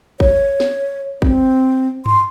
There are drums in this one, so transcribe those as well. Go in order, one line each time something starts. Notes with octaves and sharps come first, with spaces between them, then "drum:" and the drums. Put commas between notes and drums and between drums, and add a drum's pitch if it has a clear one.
C#5, drum: kick
drum: snare
C4, drum: kick
C6, drum: tom G2